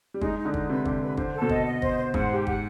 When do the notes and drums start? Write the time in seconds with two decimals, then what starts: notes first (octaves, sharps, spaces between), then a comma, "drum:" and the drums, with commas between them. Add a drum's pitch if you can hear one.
0.14 G3
0.21 G#3 D#4, drum: kick
0.38 D#4
0.45 D3
0.54 D#4, drum: kick
0.69 C3 B4
0.85 D3 G4, drum: kick
1.01 B4
1.17 D3 C5, drum: kick
1.33 A4
1.42 B2
1.49 D#5, drum: kick
1.65 D#5
1.82 C5, drum: kick
1.98 C5
2.14 G#2 F#5, drum: kick
2.30 G4
2.47 F#5, drum: kick